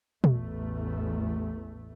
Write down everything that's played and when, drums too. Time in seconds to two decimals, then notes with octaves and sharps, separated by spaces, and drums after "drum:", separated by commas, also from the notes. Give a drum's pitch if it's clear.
0.24 A1 E2 A3, drum: tom